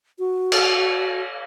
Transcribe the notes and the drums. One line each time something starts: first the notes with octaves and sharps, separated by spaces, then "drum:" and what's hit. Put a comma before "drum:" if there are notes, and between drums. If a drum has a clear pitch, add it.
F#4
drum: cymbal